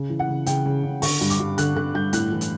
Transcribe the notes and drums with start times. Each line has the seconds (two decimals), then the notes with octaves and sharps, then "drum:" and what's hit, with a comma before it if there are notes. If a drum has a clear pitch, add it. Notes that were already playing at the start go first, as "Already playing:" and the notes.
Already playing: C#3
0.10 E3
0.19 F#5
0.29 C#3
0.46 C#3 G5, drum: hi-hat
0.66 C#3
0.84 C#3
1.02 D3 C#6, drum: open hi-hat
1.21 G2
1.30 D6, drum: hi-hat
1.40 G2
1.58 D3 F#6, drum: hi-hat
1.76 D3 F#6
1.94 G2 G6
2.13 A2 F#6, drum: hi-hat
2.32 E3
2.41 drum: hi-hat